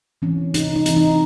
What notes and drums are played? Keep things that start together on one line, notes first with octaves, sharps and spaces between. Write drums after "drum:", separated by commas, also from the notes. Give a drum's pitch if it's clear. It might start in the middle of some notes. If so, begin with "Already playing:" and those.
E3 C4 C#4
C3 D#4, drum: hi-hat
D#4
E3 C4, drum: hi-hat
D#4